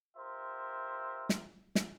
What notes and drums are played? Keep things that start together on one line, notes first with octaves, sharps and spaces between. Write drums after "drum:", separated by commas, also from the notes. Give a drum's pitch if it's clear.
F4 G4 A#4 C5 E5
drum: snare
drum: snare